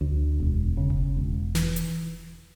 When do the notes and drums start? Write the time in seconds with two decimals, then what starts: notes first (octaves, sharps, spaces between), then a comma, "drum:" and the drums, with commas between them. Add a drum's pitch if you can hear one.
0.01 D2
0.40 E1
0.77 C#3
0.90 drum: kick F#1
1.16 E1
1.55 E3, drum: snare
1.76 drum: hi-hat